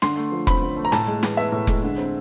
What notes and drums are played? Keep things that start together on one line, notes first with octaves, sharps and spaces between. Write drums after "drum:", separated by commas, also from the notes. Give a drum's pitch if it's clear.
D3 C6, drum: snare
A3
F3
C4 B5, drum: kick F1
D3
A3
A#5
A2 A5, drum: snare
G#3
E3, drum: snare
B3 E5
A2
G#3, drum: kick F1
D3
C4